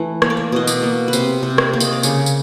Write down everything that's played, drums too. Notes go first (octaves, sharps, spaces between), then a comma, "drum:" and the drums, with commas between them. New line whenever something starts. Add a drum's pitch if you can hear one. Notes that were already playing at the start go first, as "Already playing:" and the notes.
Already playing: E3 A3
A#3 C#5, drum: rim click
D5
C#5
B2 D#5
D5, drum: tambourine
A#3
B4
C3 C5, drum: tambourine
C3
drum: rim click
A#3
D#5, drum: tambourine
D5
C#3 C#5, drum: tambourine
drum: tambourine